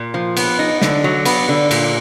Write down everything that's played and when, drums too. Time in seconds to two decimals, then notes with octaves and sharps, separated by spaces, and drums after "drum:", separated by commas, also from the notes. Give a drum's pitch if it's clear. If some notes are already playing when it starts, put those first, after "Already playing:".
Already playing: A#2
0.14 F3
0.37 B3, drum: cymbal
0.59 D#4
0.81 D3, drum: snare
1.04 F#3
1.25 B3, drum: cymbal
1.49 D3
1.71 A#2, drum: cymbal